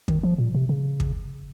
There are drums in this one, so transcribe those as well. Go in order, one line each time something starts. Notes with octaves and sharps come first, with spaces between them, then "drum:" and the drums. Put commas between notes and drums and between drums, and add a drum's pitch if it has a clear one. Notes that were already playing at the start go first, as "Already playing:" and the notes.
D#3, drum: kick
F3
A#2
C3
C#3
drum: kick